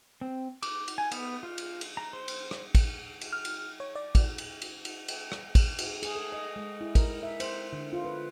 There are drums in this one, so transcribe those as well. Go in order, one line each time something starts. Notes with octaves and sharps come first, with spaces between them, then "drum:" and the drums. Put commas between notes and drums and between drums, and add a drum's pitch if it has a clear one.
C4
D6, drum: cymbal
drum: cymbal
G#5
B3, drum: cymbal
F4
drum: cymbal
drum: cymbal
A#5
C5
drum: cymbal
drum: rim click
drum: kick, cymbal
drum: cymbal
F6
drum: cymbal
C#5
D5
drum: kick, cymbal
drum: cymbal
drum: cymbal
drum: cymbal
drum: cymbal
drum: rim click
drum: kick, cymbal
drum: cymbal
G#4, drum: cymbal
A4
D#5
G#3
E4
A#4, drum: kick, cymbal
E5
C5, drum: cymbal
D3
F4
B4